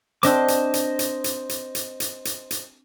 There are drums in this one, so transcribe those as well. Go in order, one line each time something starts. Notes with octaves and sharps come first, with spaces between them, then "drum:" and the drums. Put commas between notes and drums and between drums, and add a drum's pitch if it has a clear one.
C4 D4 C5 D#5 D6, drum: hi-hat
drum: hi-hat
drum: hi-hat
drum: hi-hat
drum: hi-hat
drum: hi-hat
drum: hi-hat
drum: hi-hat
drum: hi-hat
drum: hi-hat